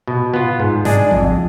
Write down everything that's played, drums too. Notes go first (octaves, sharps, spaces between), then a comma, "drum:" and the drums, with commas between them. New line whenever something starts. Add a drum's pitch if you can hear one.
B2
B3 F4
G#2
G#3 D4 G#4, drum: snare
F2, drum: kick A1